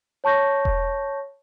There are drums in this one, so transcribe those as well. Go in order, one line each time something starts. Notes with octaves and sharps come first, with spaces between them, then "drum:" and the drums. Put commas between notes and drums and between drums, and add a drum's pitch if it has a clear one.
C#5 A5 C#6 G6 A#6
drum: kick E1